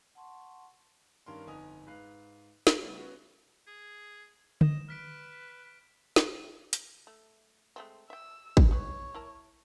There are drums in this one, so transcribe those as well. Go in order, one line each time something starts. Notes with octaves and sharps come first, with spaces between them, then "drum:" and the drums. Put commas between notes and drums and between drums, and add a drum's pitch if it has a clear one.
F#5 A5 C6 C#6
G2 D#3 C#4 A#4 F5 C6
G1 F2 D#4 G#5 D#6 F7
G#2 B4 F5 F#6 C7
drum: snare
C#3 G3 A3 B3
B3 C#4 F#4
G#4
D#5 E7, drum: tom
B4 F6 B6 D7
drum: snare
drum: hi-hat
A3
G#3 A3 C4
E5 G5 E6
drum: kick
D#4 B4 C#5
E4 A#4 A5